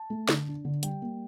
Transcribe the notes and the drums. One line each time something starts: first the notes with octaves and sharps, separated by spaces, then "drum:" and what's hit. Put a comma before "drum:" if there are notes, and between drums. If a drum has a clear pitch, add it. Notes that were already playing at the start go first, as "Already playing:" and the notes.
Already playing: A5
A3
D3, drum: snare
D4
D3
G3 G5, drum: hi-hat
A#3